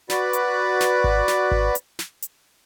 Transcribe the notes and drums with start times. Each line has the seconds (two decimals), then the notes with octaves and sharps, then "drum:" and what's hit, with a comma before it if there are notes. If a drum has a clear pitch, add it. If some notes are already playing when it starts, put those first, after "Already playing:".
0.10 F#4 B4 D5, drum: snare
0.33 drum: hi-hat
0.80 drum: snare
1.04 drum: kick G#1
1.28 drum: snare
1.51 drum: kick G#1
1.75 drum: hi-hat
1.99 drum: snare
2.22 drum: hi-hat